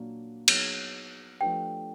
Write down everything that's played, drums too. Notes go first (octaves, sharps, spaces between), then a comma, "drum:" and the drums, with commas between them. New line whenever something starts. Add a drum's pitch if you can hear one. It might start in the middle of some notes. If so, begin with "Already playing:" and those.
Already playing: A#2 F#3 A#3 D4 F#4
F#3 B3 D#4 G#4 C#5, drum: cymbal
F3 A3 D4 G4 B4 G5